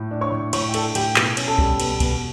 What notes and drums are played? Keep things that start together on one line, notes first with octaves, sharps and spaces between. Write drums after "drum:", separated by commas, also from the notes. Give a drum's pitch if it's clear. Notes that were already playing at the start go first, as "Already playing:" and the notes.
Already playing: A2
D4
C#5 C#6
A2
A2 C#5 C#6, drum: cymbal
G5
D4 A4 A5, drum: cymbal
A2 G4 G5, drum: cymbal
B2, drum: clap
C#4, drum: cymbal
A4 A5
G3, drum: kick
B2, drum: cymbal
B2, drum: kick, cymbal